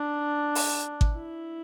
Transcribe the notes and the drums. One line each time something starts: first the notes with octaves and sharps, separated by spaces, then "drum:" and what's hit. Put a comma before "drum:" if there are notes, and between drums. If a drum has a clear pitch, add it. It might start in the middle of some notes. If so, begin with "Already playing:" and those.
Already playing: D4
drum: open hi-hat
drum: kick G#1
E4